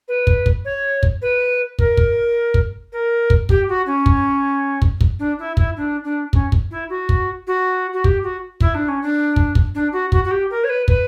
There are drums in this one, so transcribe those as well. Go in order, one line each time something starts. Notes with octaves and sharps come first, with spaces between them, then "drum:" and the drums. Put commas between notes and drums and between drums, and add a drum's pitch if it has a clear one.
B4
drum: kick
drum: kick
C#5
drum: kick
B4
A#4, drum: kick
drum: kick
drum: kick
A#4
drum: kick
G4, drum: kick
F#4
C#4
drum: kick
drum: kick
drum: kick
D4
E4
E4, drum: kick
D4
D4
C#4, drum: kick
drum: kick
E4
F#4
drum: kick
F#4
F#4
G4, drum: kick
F#4
E4, drum: kick
D4
C#4
D4
drum: kick
drum: kick
D4
F#4
F#4, drum: kick
F#4
G4
A#4
C#5
B4
B4, drum: kick